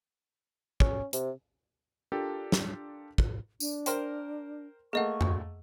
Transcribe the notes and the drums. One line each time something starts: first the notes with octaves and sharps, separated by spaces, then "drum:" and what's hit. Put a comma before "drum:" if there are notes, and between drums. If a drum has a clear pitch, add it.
C#4, drum: kick
C3, drum: hi-hat
D4 F4 G4 A4 A#4
drum: snare
drum: kick
D4, drum: tambourine
A#4 C5 G5, drum: hi-hat
A3 A#3 G#4 D#5 F#5 C#6
drum: tom F2